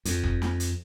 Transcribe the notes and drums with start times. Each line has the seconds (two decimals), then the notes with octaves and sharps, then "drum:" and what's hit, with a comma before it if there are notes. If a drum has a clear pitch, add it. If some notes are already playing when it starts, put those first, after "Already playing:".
0.05 F2, drum: hi-hat
0.24 drum: kick F#1
0.42 drum: snare
0.60 drum: hi-hat